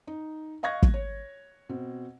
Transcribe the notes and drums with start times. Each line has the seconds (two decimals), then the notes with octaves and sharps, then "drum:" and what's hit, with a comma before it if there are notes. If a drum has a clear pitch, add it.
0.07 D#4
0.63 D#5 F5 C#6 F#6 G#6 A#6
0.83 drum: kick
0.94 C#5
1.69 B2 C4